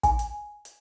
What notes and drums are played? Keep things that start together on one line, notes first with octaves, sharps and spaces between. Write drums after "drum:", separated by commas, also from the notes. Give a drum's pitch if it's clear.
G#5, drum: kick, hi-hat
drum: hi-hat
drum: hi-hat